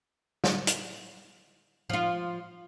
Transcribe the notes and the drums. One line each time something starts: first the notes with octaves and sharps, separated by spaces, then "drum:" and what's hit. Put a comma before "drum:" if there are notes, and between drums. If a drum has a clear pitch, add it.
drum: snare
drum: hi-hat
F3 F4